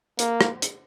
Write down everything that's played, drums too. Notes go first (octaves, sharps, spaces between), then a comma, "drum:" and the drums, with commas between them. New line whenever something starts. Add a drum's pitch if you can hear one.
A#3, drum: hi-hat
drum: rim click
drum: hi-hat